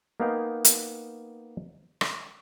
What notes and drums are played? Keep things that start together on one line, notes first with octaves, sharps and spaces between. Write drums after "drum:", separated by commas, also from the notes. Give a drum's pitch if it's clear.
A#3 B3 D#4 A#4 F5 G5
drum: hi-hat
drum: rim click